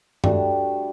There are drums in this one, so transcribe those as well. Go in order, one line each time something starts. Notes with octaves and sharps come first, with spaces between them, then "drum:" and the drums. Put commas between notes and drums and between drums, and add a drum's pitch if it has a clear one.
G3 A3 D4 F#4, drum: tom G2